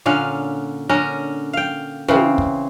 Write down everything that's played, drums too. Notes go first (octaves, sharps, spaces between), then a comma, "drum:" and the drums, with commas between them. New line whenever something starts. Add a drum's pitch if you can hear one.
A#2 D3 C#4 F5
D3 C#4 A#4
F5 G5
C#3 E3 C4, drum: tom
drum: kick